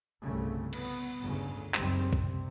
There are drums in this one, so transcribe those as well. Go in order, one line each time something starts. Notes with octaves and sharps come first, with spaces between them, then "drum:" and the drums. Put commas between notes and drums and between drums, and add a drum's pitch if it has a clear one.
G1 C2 C#3 A3
B3, drum: cymbal
G1 D2 C#3
F#1 C#2 F#2 D#3 G3 C4, drum: clap
C3, drum: kick